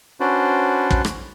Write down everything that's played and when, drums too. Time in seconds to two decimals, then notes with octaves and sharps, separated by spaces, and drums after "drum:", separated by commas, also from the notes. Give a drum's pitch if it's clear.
0.20 C#4 D4 F#4 B4 C5 D5
0.91 drum: kick
1.05 drum: rim click